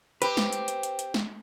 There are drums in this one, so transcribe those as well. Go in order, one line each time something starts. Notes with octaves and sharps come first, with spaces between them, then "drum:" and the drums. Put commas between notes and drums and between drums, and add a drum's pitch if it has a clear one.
C4 G4 B4, drum: hi-hat
drum: snare
drum: hi-hat
drum: hi-hat
drum: hi-hat
drum: hi-hat
drum: snare